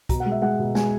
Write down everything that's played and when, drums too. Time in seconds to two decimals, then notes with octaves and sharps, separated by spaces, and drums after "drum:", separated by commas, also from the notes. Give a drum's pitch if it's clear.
0.09 B2 A#5, drum: kick, hi-hat
0.20 F#5
0.26 G#3
0.31 E5
0.42 G#3 F#5
0.59 B2
0.75 G#3 G#5, drum: snare